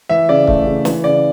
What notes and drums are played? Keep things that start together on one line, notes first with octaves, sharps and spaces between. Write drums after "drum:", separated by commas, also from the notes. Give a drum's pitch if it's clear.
E3 E5
C#3 D5
A3, drum: kick
C#3
E3, drum: snare
C#3 D5